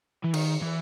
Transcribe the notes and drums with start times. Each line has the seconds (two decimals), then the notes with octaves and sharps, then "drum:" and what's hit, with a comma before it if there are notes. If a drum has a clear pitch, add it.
0.24 E3
0.34 D#3, drum: cymbal
0.62 E3